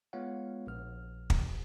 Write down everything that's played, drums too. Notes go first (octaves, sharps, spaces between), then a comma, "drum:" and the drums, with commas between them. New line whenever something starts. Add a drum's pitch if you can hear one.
G#3 B3 F4 C#5 F5 F#5
A#1 F6
drum: kick